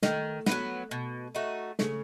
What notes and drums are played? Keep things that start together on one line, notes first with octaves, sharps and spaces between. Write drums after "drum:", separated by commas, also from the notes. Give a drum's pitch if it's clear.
D#3 A3, drum: snare
B3, drum: snare
F#3
B2
A3 D#4 F#4
C#3 A3, drum: snare